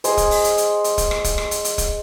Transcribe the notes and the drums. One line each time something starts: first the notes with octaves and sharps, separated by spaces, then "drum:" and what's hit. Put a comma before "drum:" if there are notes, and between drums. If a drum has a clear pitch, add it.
G#4 C5 D#5, drum: hi-hat
drum: kick, hi-hat
drum: open hi-hat
drum: hi-hat
drum: hi-hat
drum: hi-hat
drum: kick, hi-hat
drum: rim click
drum: kick, hi-hat
drum: rim click
drum: hi-hat
drum: hi-hat
drum: kick, hi-hat